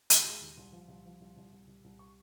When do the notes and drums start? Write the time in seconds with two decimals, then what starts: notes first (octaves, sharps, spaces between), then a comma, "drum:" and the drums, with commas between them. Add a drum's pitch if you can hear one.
0.10 D#2 C6, drum: hi-hat
0.25 G#3
0.41 D#2
0.57 C2
0.72 F3
0.88 C2
1.05 F3
1.20 C2
1.36 C2
1.52 C2
1.67 C2
1.84 C2
1.99 C#6